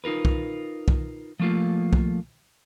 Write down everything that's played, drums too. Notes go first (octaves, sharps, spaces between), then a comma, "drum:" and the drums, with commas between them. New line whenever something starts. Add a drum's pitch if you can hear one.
D#4 F4 A#4 B4
drum: kick
drum: kick
F3 A3 A#3 F4
drum: kick